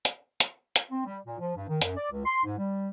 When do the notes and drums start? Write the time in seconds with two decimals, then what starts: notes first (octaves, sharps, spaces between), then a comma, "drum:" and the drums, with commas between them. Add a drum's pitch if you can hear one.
0.05 drum: hi-hat
0.40 drum: hi-hat
0.76 drum: hi-hat
0.91 C4
1.06 G3
1.26 A#2
1.40 F3
1.56 G2
1.69 D#3
1.82 F#2, drum: hi-hat
1.96 D5
2.11 C#2
2.25 C6
2.44 G#2
2.58 G3